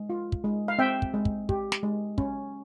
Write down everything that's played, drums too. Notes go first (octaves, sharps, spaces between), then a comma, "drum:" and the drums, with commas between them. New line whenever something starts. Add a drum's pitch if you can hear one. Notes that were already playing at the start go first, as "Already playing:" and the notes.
Already playing: G#3
F4
drum: kick
G#3
F5
C4 E5 G5
drum: kick
G#3
drum: kick
G4, drum: kick
drum: snare
G#3
C#4, drum: kick